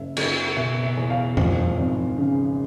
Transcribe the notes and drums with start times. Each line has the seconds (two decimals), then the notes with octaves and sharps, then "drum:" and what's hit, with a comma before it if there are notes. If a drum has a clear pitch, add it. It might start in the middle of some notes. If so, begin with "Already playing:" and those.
Already playing: F#1 E5
0.17 F#1, drum: cymbal
0.56 B2 E5
0.83 E5
0.97 E2
1.10 F5
1.37 F3, drum: tom F2
1.78 G#1
2.18 C#3